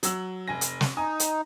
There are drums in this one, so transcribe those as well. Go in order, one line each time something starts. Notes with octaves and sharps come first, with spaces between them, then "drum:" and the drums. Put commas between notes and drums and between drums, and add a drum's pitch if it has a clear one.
F#3 E6 F#7, drum: hi-hat
F1 G#5 A#6
drum: hi-hat
drum: snare
D#4 G#5 D#6
drum: hi-hat